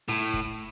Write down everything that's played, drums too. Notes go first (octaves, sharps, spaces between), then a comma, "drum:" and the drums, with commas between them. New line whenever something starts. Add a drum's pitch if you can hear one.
A2, drum: hi-hat
drum: kick